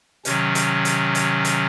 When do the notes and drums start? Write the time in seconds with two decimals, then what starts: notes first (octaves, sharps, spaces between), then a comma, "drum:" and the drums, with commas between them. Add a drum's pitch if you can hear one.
0.25 C3 D#3 F#3 C#4, drum: hi-hat
0.55 drum: hi-hat
0.85 drum: hi-hat
1.15 drum: hi-hat
1.45 drum: hi-hat